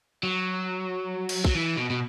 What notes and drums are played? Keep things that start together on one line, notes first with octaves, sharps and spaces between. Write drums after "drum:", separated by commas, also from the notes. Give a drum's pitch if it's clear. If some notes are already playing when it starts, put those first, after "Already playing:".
F#3
drum: cymbal
F#3, drum: kick
E3
B2
B2